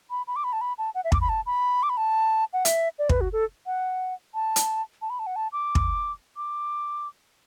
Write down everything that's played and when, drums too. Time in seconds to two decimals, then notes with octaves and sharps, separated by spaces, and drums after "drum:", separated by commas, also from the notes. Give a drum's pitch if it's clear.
0.10 B5
0.27 B5
0.36 D6
0.44 B5
0.53 A5
0.61 B5
0.78 A5
0.95 F#5
1.04 E5
1.12 D6, drum: kick
1.21 B5
1.29 A5
1.46 B5
1.83 D6
1.90 B5
1.97 A5
2.53 F#5
2.65 E5, drum: hi-hat
2.99 D5
3.09 B4, drum: kick
3.21 F#4
3.33 A4
3.66 F#5
4.35 A5
4.56 drum: hi-hat
5.02 A5
5.10 B5
5.19 A5
5.27 F#5
5.36 A5
5.53 D6
5.75 drum: kick
6.37 D6